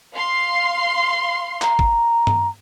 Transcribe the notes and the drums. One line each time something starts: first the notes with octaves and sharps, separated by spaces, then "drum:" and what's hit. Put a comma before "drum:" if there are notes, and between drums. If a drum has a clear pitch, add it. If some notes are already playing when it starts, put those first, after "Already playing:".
F5 C6 C7
A#5, drum: clap
drum: kick
drum: tom G2